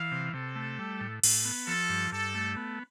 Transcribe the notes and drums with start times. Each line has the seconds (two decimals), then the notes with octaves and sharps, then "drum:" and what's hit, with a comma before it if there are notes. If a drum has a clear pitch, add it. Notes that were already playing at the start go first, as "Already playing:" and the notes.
Already playing: E3 F5
0.11 C3
0.33 C3 A4
0.56 A3
0.79 G3
1.00 A2
1.23 A2, drum: cymbal
1.45 B3
1.67 F3 A4
1.89 G2
2.12 G2 A4
2.35 A3
2.57 B3